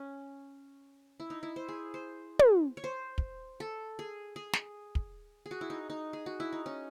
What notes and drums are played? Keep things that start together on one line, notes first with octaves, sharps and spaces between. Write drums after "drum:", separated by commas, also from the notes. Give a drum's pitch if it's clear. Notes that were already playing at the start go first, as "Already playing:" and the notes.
Already playing: C#4
E4
D#4
E4
C5
G#4
C5
drum: tom
C#5
C5
drum: kick
A4
G#4
G#4
drum: snare
drum: kick
G#4
F#4
E4
D#4
D#4
G#4
F#4
E4
D#4
C#4